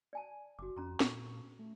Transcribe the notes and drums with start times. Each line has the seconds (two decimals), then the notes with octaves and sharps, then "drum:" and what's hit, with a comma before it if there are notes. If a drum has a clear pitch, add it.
0.13 D5 G#5 A5
0.59 F#1 F#4 D6
0.76 F2 C#4 A#5 C6
1.00 A#2 C#6, drum: snare
1.59 A3